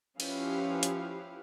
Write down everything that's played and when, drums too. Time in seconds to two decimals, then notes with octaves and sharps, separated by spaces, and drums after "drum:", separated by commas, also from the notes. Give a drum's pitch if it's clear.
0.20 F3 C#4 E4 G4 B4 F5, drum: cymbal
0.83 drum: hi-hat